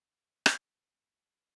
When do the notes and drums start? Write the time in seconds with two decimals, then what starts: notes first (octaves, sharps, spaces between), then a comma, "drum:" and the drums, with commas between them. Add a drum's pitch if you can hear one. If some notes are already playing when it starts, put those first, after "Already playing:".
0.09 C#4 C#5 E5 D6 G6
0.46 drum: rim click